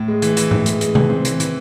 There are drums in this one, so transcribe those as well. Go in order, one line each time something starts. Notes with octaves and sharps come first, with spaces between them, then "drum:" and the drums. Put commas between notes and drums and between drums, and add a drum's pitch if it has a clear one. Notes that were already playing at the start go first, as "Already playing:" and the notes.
Already playing: A2
G#3
E3, drum: hi-hat
E3, drum: hi-hat
A2, drum: tom G#2
G#3, drum: hi-hat
G#3, drum: hi-hat
E3, drum: tom C3
C4
E3, drum: hi-hat
E3, drum: hi-hat